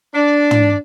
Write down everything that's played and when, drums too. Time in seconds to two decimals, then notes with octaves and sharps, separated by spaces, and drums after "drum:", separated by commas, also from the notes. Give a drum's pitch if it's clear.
0.14 D4 D5
0.51 drum: tom